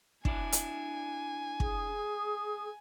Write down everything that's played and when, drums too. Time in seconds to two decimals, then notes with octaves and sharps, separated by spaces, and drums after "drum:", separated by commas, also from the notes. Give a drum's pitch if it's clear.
0.25 D4 E4 D5 G#5, drum: kick
0.52 drum: hi-hat
1.60 G#4, drum: kick